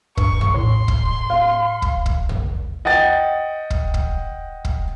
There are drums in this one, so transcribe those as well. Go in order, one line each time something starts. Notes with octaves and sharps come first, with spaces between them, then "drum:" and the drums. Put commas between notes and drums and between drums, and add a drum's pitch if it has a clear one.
G2 C#6, drum: kick
drum: tom
A2 C6
drum: kick
F5
drum: kick
drum: kick
drum: tom
D#5 F#5 G5 A6
drum: kick
drum: kick
drum: kick